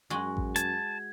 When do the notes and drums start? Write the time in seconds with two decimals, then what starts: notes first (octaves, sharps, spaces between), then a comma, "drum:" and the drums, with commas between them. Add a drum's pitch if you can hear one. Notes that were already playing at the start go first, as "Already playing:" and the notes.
0.10 F#2 G#3 F#4
0.37 drum: kick A1
0.56 A5 G#6, drum: hi-hat